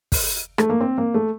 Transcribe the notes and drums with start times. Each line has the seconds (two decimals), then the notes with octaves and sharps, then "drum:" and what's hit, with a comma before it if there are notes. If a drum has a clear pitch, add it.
0.12 drum: kick, open hi-hat
0.58 A3, drum: rim click
0.70 A#3
0.81 C4
0.98 A#3
1.14 A3